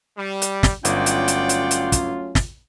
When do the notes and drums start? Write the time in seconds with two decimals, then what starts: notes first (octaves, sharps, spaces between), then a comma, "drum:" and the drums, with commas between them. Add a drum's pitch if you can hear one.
0.16 G3
0.42 drum: hi-hat
0.63 drum: snare
0.85 G1 F#3 A3 C#4 F4 D5 F#5 G5, drum: hi-hat
1.06 drum: hi-hat
1.28 drum: hi-hat
1.49 drum: hi-hat
1.71 drum: hi-hat
1.92 drum: kick, hi-hat
2.35 drum: snare